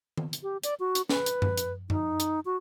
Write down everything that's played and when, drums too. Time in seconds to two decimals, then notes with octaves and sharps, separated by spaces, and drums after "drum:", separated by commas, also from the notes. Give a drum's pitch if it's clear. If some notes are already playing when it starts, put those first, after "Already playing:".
0.17 drum: tom D#3
0.33 drum: hi-hat
0.43 G4
0.63 D5, drum: hi-hat
0.80 F#4
0.95 drum: hi-hat
1.09 B4, drum: snare
1.26 drum: hi-hat
1.42 drum: tom F#2
1.58 drum: hi-hat
1.90 D#4, drum: tom F#2
2.20 drum: hi-hat
2.45 F#4